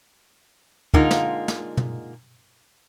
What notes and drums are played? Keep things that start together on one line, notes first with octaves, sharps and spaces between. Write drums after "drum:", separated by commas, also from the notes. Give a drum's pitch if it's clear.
D3 G#3 A#3 D#4 F4, drum: kick
drum: snare
drum: snare
drum: tom